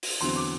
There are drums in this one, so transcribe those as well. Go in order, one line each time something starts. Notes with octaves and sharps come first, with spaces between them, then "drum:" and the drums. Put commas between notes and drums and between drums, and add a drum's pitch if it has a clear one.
drum: open hi-hat
E2 D3 F#3 C4 C6
D6